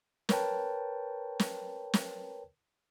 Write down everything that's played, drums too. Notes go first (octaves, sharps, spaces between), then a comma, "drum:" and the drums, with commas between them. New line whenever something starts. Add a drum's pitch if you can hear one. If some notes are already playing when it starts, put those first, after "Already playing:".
A#4 B4 C#5 G5 A5, drum: snare
drum: snare
drum: snare